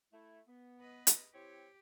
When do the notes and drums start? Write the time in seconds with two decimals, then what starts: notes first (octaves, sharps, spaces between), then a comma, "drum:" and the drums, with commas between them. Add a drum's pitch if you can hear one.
0.12 A3 E4
0.47 B3
0.80 B4 D#5
1.07 drum: hi-hat
1.34 C4 E4 G4 C#5